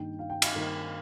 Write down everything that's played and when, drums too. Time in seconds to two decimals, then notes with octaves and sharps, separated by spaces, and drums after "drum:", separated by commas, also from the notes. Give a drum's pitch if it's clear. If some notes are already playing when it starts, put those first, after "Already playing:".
Already playing: G2 D#3 A#3 D#4 G5
0.19 F5
0.30 G5
0.42 F5, drum: cymbal
0.55 G2 D#3 A#3 D#4 A#4